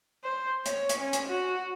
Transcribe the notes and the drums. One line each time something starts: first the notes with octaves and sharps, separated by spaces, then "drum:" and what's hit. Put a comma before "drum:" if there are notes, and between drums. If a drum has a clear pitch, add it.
C5
C#5, drum: hi-hat
drum: hi-hat
C#4
drum: hi-hat
F#4